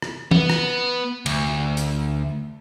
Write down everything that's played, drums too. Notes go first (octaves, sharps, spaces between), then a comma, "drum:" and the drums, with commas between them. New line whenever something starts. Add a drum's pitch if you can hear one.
drum: rim click
B3, drum: tom
drum: rim click
D2, drum: cymbal
drum: hi-hat